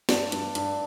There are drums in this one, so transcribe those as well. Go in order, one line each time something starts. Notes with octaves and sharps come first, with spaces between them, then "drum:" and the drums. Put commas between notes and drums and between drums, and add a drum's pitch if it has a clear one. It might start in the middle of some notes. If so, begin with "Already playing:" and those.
G2 D5, drum: snare
G2, drum: hi-hat
G2, drum: hi-hat